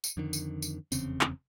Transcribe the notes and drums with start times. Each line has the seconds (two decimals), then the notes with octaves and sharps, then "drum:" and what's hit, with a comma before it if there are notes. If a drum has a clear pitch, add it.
0.04 drum: tambourine
0.17 F2 D3 D#3
0.33 drum: tambourine
0.62 drum: tambourine
0.92 F1 E2 C#3 C4, drum: tambourine
1.21 drum: clap